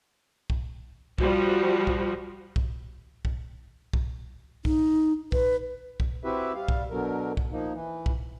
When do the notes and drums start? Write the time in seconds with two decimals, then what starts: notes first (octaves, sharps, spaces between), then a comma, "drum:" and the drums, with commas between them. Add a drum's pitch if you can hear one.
0.50 drum: kick B1
1.18 F3 G3 F#4, drum: kick B1
1.87 drum: kick B1
2.56 drum: kick B1
3.25 drum: kick B1
3.93 drum: kick B1
4.65 D#4, drum: kick B1
5.32 B4, drum: kick B1
6.00 drum: kick B1
6.24 C4 E4 F#4 G4 B4 E5
6.55 G3 F5
6.68 drum: kick B1
6.91 B2 D3 F#3 A#4
7.37 drum: kick B1
7.52 F3 A#3 D#4
7.73 E3
8.06 drum: kick B1